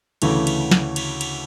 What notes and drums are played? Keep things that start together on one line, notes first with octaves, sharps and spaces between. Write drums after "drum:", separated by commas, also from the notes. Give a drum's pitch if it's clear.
D2 C#3 E3 A3, drum: cymbal
drum: cymbal
drum: snare
drum: cymbal
drum: cymbal